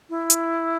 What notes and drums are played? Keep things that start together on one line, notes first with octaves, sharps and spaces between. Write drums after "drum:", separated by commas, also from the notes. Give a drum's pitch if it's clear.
E4
drum: hi-hat